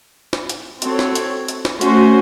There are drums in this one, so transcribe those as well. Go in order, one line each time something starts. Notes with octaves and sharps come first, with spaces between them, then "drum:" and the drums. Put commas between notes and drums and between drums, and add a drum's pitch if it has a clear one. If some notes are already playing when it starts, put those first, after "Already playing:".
drum: snare
drum: hi-hat
C4 F#4 A4 C#5, drum: hi-hat
drum: snare
drum: hi-hat
drum: hi-hat
drum: snare
A3 C#4 F#4 C5, drum: hi-hat